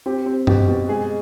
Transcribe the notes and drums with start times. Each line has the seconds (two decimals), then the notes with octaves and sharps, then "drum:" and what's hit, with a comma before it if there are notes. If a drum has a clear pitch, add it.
0.06 C4 G4
0.26 C4
0.47 B2 G4, drum: tom F#2
0.68 B2
0.89 G#3 G#4